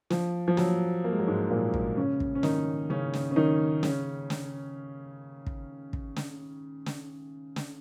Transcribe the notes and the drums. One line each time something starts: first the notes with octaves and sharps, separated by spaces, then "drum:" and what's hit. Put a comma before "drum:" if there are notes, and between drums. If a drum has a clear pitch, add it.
F3, drum: snare
F3
F#3, drum: snare
A#3
G#3
F#3
G#2 G#3
A#2 A#3
drum: kick
C#3 C#4
drum: kick
C#4
D#3 D#4, drum: snare
C#3 C#4
drum: snare
C#4
D#3 D#4
C#3 C#4, drum: snare
drum: snare
drum: kick
drum: kick
drum: snare
drum: snare
drum: snare